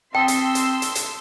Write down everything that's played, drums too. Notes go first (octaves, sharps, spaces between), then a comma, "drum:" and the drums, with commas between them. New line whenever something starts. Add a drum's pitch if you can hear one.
C4 G5 A5 C6 D#6 E6 B6
drum: hi-hat
drum: hi-hat
drum: hi-hat
drum: hi-hat